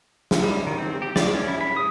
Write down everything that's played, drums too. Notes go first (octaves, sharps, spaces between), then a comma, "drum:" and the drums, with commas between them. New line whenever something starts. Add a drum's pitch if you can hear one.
drum: snare
G3
D#3
C4
G4
D5, drum: snare
C#4
E4
B5
D#6